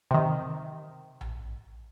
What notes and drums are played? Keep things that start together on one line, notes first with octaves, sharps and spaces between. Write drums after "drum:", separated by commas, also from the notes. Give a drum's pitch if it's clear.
C3 D#3
drum: tom A#1